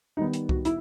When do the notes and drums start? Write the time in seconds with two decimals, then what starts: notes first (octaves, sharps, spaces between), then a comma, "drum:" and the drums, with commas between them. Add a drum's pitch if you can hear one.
0.17 D#3 G3 B3 D#4
0.33 drum: hi-hat
0.49 F#4, drum: kick C2
0.65 E4, drum: hi-hat